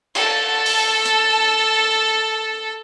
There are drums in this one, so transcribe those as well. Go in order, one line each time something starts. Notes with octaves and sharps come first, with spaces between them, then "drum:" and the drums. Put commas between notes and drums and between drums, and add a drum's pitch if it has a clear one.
A4 A5, drum: cymbal
drum: open hi-hat
drum: hi-hat